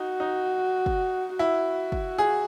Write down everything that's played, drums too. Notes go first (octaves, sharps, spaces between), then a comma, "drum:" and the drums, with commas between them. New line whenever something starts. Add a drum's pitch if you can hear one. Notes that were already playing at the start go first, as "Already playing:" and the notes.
Already playing: D#4 F#4
D#4
drum: kick
E4 F#4
drum: kick
G#4